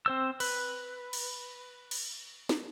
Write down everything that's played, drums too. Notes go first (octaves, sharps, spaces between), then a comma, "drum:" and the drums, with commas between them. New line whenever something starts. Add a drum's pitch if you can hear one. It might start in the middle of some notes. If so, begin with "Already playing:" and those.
C4 C5 E6
B4, drum: cymbal
drum: cymbal
drum: cymbal
drum: snare